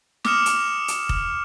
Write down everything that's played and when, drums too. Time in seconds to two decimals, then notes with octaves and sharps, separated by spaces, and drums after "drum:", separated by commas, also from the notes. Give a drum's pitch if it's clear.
0.25 D6 D#6 F6 C#7 E7, drum: snare
0.46 drum: hi-hat
0.88 drum: hi-hat
1.09 drum: kick F1